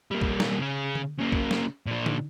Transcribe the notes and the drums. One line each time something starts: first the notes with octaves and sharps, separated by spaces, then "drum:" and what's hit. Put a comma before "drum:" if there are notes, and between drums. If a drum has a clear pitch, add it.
G3 A#3
drum: kick
drum: snare
C#3 C#4
drum: tom D3
C#3 A#3
drum: kick
drum: snare
A#2 D4
drum: tom D3